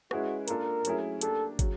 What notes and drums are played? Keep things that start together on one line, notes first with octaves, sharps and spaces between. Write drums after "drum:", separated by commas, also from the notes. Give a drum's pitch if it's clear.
G#3 C#4 E4 F#4 G#4 B4, drum: rim click
A#3 D4 F4 A4 A#4, drum: hi-hat
F#3 A3 C#4 E4 G#4, drum: hi-hat
A#3 D4 G4 A4, drum: hi-hat
C#3 F#3, drum: kick, hi-hat